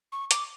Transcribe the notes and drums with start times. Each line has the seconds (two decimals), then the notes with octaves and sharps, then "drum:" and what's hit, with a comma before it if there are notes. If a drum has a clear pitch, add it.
0.12 C#6
0.31 D6, drum: hi-hat